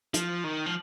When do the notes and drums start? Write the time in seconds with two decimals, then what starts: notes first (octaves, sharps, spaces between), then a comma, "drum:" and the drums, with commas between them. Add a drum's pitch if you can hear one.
0.14 F3, drum: hi-hat
0.44 D#3
0.66 F3